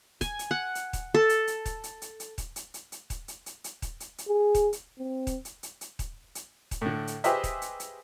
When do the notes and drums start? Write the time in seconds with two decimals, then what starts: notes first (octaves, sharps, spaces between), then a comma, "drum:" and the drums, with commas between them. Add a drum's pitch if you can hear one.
0.21 G#5, drum: kick D#1, hi-hat
0.39 drum: hi-hat
0.51 F#5
0.75 drum: hi-hat
0.93 drum: kick D#1, hi-hat
1.14 A4
1.29 drum: hi-hat
1.47 drum: hi-hat
1.66 drum: kick D#1, hi-hat
1.84 drum: hi-hat
2.02 drum: hi-hat
2.20 drum: hi-hat
2.38 drum: kick D#1, hi-hat
2.56 drum: hi-hat
2.74 drum: hi-hat
2.92 drum: hi-hat
3.10 drum: kick D#1, hi-hat
3.28 drum: hi-hat
3.46 drum: hi-hat
3.64 drum: hi-hat
3.82 drum: kick D#1, hi-hat
4.00 drum: hi-hat
4.18 drum: hi-hat
4.28 G#4
4.55 drum: kick D#1, hi-hat
4.73 drum: hi-hat
4.99 C4
5.27 drum: kick D#1, hi-hat
5.45 drum: hi-hat
5.63 drum: hi-hat
5.81 drum: hi-hat
5.99 drum: kick D#1, hi-hat
6.35 drum: hi-hat
6.71 drum: kick D#1, hi-hat
6.81 A2 D3
7.07 drum: hi-hat
7.24 G4 G#4 B4 C5 D#5 E5, drum: hi-hat
7.44 drum: kick D#1, hi-hat
7.62 drum: hi-hat
7.80 drum: hi-hat